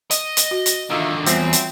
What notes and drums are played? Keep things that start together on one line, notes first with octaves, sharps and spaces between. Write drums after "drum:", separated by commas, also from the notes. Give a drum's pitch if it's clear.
D#5, drum: hi-hat
drum: hi-hat
F#4
drum: hi-hat
D3 D#3 F4 A4 D#5 E5
E2 F#3 G3 A3 C4 F4 C5, drum: hi-hat
drum: hi-hat